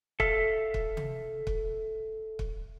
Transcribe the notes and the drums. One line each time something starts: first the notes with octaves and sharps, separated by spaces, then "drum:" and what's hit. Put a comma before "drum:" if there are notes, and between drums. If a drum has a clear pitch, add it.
A4 E5 F5, drum: kick
drum: kick
drum: tom
drum: kick
drum: kick